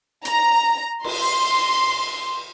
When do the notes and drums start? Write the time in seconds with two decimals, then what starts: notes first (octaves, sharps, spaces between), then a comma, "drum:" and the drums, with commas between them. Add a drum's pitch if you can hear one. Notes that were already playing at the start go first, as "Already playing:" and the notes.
0.25 A#5, drum: hi-hat
1.04 C6, drum: cymbal